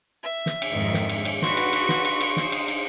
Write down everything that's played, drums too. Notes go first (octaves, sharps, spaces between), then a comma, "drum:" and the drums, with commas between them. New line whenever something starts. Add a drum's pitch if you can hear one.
E5
drum: snare
drum: cymbal
F2 G#2 D#3
drum: snare
drum: cymbal
drum: cymbal
D#4 F#4 B4 C6 C#6, drum: snare
drum: cymbal
drum: cymbal
drum: snare
drum: cymbal
drum: cymbal
D#4 C5, drum: snare
drum: cymbal
drum: cymbal